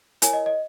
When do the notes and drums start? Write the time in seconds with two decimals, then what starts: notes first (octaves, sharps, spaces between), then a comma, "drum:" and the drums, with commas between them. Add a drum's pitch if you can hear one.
0.22 E4 A#4 C#5 G#5, drum: hi-hat
0.33 D#5
0.46 D#5